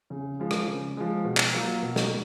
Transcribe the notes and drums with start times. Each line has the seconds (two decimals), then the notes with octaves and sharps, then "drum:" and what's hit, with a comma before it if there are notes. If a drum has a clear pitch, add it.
0.10 C#3
0.40 F3 G#3
0.51 drum: rim click
0.68 C#3
0.97 F3 G#3
1.24 B2
1.37 drum: clap
1.53 F#3 A#3 F4
1.82 B2
1.96 drum: snare